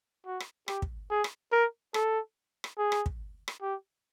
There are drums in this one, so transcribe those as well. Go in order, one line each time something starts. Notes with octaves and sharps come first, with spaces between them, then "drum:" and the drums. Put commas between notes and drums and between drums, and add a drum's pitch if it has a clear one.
F#4
drum: rim click
G4, drum: rim click
drum: kick
G#4
drum: rim click
A#4
A4, drum: rim click
drum: rim click
G#4
drum: rim click
drum: kick
drum: rim click
G4